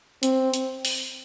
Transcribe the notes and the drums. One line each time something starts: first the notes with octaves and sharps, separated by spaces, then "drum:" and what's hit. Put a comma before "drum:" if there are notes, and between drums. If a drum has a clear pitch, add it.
C4, drum: hi-hat
drum: hi-hat
drum: open hi-hat